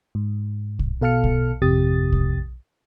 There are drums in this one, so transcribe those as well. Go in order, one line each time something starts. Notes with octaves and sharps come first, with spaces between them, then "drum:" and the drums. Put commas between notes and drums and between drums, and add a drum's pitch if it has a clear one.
G#2
drum: kick
B2 A4 F5 A5 F6 C#7
drum: kick
G#1 F2 C3 G4 D#6 A6
drum: kick